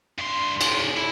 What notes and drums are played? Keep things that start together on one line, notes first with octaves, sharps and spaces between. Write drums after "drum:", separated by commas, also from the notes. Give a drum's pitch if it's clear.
G2 C6
G2 C3, drum: cymbal
E4